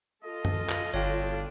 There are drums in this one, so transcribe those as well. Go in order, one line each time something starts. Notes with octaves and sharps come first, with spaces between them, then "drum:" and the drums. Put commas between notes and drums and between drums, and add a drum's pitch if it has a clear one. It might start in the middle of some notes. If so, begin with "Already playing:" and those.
F4 A4 D#5
drum: tom F#2
drum: clap
G1 D4 C#5 F5 G5